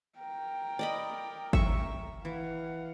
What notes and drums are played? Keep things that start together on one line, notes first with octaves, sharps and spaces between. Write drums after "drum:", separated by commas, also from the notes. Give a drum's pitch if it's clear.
A#4 G5
D5 D#5 B5
E5 C#6, drum: kick G1
E3 F5 F#5